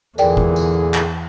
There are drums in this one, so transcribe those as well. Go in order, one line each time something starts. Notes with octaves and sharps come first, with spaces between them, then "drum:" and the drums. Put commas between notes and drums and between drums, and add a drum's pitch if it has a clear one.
E2 A#2 D3 E3 G#4 A#4 D5 G5, drum: tambourine
drum: kick
drum: tambourine
drum: clap